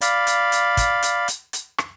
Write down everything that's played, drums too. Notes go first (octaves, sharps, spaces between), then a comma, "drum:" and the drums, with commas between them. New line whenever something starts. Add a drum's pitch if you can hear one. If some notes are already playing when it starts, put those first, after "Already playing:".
D5 F5 B5, drum: hi-hat
drum: hi-hat
drum: hi-hat
drum: kick, hi-hat
drum: hi-hat
drum: hi-hat
drum: hi-hat
drum: rim click